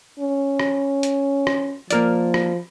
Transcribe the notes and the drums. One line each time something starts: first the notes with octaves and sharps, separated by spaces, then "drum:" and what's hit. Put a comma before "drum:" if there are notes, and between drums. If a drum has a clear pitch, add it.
C#4
drum: rim click
drum: hi-hat
drum: rim click
F3 A#3 A#4 D5, drum: hi-hat
drum: rim click